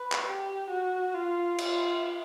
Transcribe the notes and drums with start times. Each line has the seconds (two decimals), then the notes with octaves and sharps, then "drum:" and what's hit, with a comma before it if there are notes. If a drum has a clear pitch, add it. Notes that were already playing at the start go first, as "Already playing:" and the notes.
Already playing: B4
0.12 drum: clap
0.26 G4
0.70 F#4
1.14 F4
1.58 F4, drum: cymbal